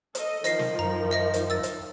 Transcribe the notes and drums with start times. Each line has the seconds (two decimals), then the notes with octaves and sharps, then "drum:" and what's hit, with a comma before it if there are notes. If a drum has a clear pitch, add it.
0.15 A4 D#5, drum: hi-hat
0.44 D#3 F3 D#5 A#6 C7, drum: hi-hat
0.59 drum: snare
0.79 F#2 A#5
1.11 D#5 E5 A#6
1.34 drum: hi-hat
1.50 E6 A6
1.63 drum: hi-hat